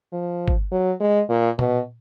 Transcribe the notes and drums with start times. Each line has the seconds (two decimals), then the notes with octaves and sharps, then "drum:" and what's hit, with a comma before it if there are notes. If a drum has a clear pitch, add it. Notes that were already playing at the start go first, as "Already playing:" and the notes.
0.12 F3
0.48 drum: kick G1
0.71 F#3
1.00 G#3
1.29 A#2
1.59 B2, drum: tom A#2